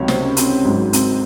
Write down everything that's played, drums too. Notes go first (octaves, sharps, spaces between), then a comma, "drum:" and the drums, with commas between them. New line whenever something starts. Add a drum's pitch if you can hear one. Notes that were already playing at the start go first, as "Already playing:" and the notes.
Already playing: C#2 C3 D#3 F#3 C#5
C5, drum: snare
C#4
C4, drum: hi-hat
G#1 G#2 F#3
C4, drum: hi-hat